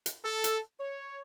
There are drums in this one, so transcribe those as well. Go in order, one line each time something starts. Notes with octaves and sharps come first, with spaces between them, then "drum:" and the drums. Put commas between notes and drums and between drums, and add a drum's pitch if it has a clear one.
drum: hi-hat
A4
drum: hi-hat
C#5